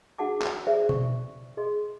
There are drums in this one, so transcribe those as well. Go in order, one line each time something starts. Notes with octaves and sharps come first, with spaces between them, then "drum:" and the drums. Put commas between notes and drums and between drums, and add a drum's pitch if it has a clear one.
D4 F#4 G#4 F#5 A5 D6
drum: clap
G#4 C5 D5 E5
C#6, drum: tom B2
G#4 D#5 C6